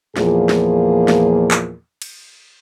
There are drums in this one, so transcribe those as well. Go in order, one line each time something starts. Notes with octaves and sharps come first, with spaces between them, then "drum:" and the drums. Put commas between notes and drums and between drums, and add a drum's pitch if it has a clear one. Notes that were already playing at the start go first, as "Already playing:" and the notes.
E2 A#2 F3 A#3 G#4, drum: snare
drum: snare
drum: snare
drum: clap
drum: cymbal